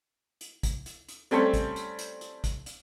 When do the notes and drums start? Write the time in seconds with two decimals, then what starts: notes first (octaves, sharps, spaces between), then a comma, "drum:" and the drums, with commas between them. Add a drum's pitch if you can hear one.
0.41 drum: hi-hat
0.63 drum: kick, hi-hat
0.86 drum: hi-hat
1.08 drum: hi-hat
1.31 G3 A3 C4 C#4 A4 C#5, drum: hi-hat
1.54 drum: kick, hi-hat
1.76 drum: hi-hat
1.99 drum: hi-hat
2.21 drum: hi-hat
2.44 drum: kick, hi-hat
2.66 drum: hi-hat